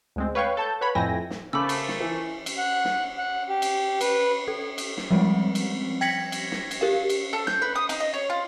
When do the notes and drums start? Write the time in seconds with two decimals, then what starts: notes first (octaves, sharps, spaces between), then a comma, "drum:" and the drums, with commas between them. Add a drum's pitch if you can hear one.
0.16 D2 G#3 C4
0.35 B4 C#5 F5 G5 C#6
0.57 A4 A5 G6
0.81 B4 C#5 F#5 B5
0.95 F2 A2 E5 G5 G#5 A#6
1.30 drum: snare
1.53 C#3 A3 A4 A#4 C5 B5 D6 E6
1.69 drum: cymbal
1.88 drum: snare
2.00 E3
2.46 drum: cymbal
2.58 F#5
2.85 drum: snare
3.18 F#5
3.49 G4
3.62 drum: cymbal
4.01 B4, drum: cymbal
4.48 A4
4.78 drum: cymbal
4.97 drum: snare
5.11 F3 G3 G#3 C4
5.55 drum: cymbal
6.01 G5 G#6 A#6 B6 C#7 F#7
6.32 drum: cymbal
6.52 drum: snare
6.71 drum: cymbal
6.81 G4 A#4 F5
7.09 drum: cymbal
7.33 A4
7.47 G6, drum: snare
7.62 B4
7.75 D#6
7.89 D#4, drum: cymbal
8.00 D#5
8.14 C#5
8.30 F4